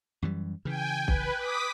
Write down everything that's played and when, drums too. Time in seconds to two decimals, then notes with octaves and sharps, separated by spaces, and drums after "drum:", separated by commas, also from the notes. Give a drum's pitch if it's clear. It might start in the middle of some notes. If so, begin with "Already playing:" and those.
0.22 F#2 E3 G3
0.65 C#3 E3 G5 G#5
1.08 B4, drum: kick
1.39 D6 D#6 B6